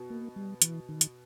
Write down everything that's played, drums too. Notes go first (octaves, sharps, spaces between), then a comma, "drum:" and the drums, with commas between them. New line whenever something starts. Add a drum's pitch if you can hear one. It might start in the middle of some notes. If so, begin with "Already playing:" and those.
Already playing: B2
A#3
G3
E3, drum: hi-hat
D#3
drum: hi-hat